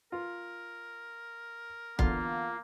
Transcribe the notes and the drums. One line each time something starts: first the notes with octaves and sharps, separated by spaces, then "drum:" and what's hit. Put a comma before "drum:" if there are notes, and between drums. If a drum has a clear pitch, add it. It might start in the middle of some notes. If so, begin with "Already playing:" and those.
F4 A#4
E2 D3 A#3 F4, drum: kick